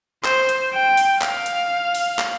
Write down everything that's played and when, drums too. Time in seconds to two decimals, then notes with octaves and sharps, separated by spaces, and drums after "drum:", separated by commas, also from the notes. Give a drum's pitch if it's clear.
0.24 C5, drum: clap
0.49 drum: hi-hat
0.73 G5
0.97 drum: open hi-hat
1.21 F5, drum: clap
1.46 drum: hi-hat
1.95 drum: open hi-hat
2.19 drum: clap